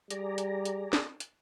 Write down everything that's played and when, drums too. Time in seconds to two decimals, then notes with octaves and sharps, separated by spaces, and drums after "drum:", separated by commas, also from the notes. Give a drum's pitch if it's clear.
0.10 G3 G#4 D5 A#5, drum: hi-hat
0.38 drum: hi-hat
0.65 drum: hi-hat
0.93 drum: snare
1.20 drum: hi-hat